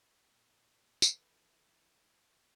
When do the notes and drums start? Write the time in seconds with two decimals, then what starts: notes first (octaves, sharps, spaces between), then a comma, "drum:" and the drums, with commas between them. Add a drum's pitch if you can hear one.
0.25 A#2
1.02 E3 E4 A4 B4, drum: tambourine